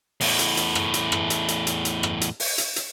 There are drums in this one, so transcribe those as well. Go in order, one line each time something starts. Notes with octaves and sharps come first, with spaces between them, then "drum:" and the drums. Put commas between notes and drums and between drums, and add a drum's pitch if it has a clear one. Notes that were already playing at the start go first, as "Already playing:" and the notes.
E2 A2, drum: open hi-hat
drum: hi-hat
drum: hi-hat
drum: rim click
drum: hi-hat
drum: rim click
drum: hi-hat
drum: hi-hat
drum: hi-hat
drum: hi-hat
drum: rim click
drum: hi-hat
drum: open hi-hat
drum: hi-hat
drum: hi-hat